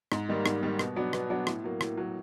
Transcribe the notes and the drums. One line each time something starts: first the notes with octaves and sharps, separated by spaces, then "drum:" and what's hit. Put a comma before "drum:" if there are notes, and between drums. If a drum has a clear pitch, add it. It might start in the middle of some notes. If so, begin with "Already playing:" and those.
G#2, drum: rim click
D#3 G3 A#3
G#2, drum: rim click
D#3 G3 A#3
B2, drum: rim click
F#3 B3 D4
B2, drum: rim click
F#3 B3 D4
A2, drum: rim click
F#3 A#3
A2, drum: rim click
F#3 A#3